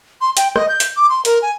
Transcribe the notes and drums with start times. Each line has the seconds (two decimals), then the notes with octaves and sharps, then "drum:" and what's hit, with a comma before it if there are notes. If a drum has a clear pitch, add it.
0.21 C6
0.37 G5, drum: hi-hat
0.56 D#5, drum: rim click
0.69 G6
0.80 drum: hi-hat
0.96 D6
1.09 C6
1.25 A#4, drum: hi-hat
1.42 G#5